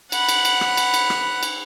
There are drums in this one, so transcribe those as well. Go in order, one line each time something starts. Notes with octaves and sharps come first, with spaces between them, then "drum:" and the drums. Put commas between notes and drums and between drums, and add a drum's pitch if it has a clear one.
F#5 B5, drum: cymbal
drum: cymbal
drum: cymbal
drum: rim click
drum: cymbal
drum: cymbal
drum: rim click
drum: cymbal